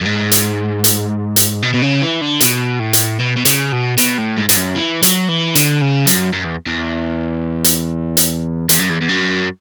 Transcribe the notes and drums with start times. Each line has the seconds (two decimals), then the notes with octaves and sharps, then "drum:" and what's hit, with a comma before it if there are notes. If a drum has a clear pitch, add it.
0.01 F#2
0.05 G#2
0.31 drum: hi-hat
0.84 drum: hi-hat
1.36 drum: hi-hat
1.63 B2
1.74 B2
1.82 C#3
2.02 E3
2.21 D3
2.40 B2, drum: hi-hat
2.80 A2
2.93 drum: hi-hat
3.20 B2
3.37 B2
3.45 C#3, drum: hi-hat
3.72 B2
3.98 B2, drum: hi-hat
4.18 A2
4.37 G#2
4.49 G#2, drum: hi-hat
4.57 F#2
4.76 E3
5.02 F#3, drum: hi-hat
5.29 E3
5.55 D3, drum: hi-hat
5.82 C#3
6.07 F#2, drum: hi-hat
6.33 F#2
6.44 E2
6.66 E2
7.64 drum: hi-hat
8.17 drum: hi-hat
8.69 E2, drum: hi-hat
8.79 F#2
8.89 E2
9.01 E2
9.09 F#2